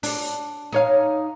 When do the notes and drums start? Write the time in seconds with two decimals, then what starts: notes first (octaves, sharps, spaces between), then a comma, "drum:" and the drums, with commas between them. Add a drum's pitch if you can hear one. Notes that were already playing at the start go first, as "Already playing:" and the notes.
0.03 D4, drum: open hi-hat
0.72 D#4 C#5 F5